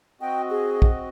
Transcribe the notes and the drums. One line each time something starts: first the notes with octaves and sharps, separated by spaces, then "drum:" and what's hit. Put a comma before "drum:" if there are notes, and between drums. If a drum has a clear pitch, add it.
C4 F#4 D#5 G5
G#4
drum: kick